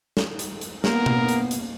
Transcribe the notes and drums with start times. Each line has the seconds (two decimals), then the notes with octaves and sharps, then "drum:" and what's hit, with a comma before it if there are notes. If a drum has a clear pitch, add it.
0.17 drum: snare
0.39 drum: hi-hat
0.61 drum: hi-hat
0.84 A#3 B3 A#4, drum: snare
1.06 drum: tom B2
1.29 drum: hi-hat
1.51 drum: hi-hat